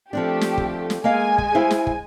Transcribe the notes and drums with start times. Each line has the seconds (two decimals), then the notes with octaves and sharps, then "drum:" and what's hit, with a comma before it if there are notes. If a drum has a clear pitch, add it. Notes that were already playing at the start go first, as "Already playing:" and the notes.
0.13 F3 A3 C4 D4 G4
0.41 drum: snare
0.58 drum: kick
0.90 drum: snare
1.04 G#3 A#3 D#5 F5 G#5
1.38 drum: kick
1.54 E4 C5 F5
1.71 drum: snare
1.87 drum: kick